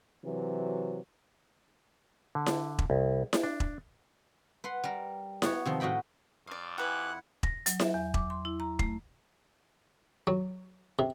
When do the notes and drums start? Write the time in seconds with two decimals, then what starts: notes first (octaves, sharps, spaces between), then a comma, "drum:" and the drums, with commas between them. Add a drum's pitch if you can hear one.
0.24 C3 E3 F#3
2.35 D3
2.46 drum: snare E4
2.79 drum: kick E1
2.90 C2
3.33 drum: snare E4
3.43 D4
3.60 drum: kick E1
4.64 B4 F#5 C6
4.84 G3 A#4
5.42 B3 F#4 C#5, drum: snare E4
5.65 C3 D#3 F3
5.80 A2 F#4 D#5 G5 B5
6.47 F2 D5 F5
6.78 E4 G4 B4 F#5 G#5 F#6
7.43 A#6, drum: kick E1
7.66 F#3, drum: hi-hat
7.80 E5, drum: snare E4
7.94 E2
8.14 D6, drum: kick E1
8.30 C6
8.45 E4
8.60 A#5
8.79 A3, drum: kick E1
10.27 F#3
10.99 C3